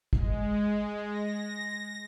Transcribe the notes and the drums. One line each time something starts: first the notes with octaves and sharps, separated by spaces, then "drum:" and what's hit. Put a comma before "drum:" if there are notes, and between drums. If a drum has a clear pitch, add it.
G#3, drum: kick
A#6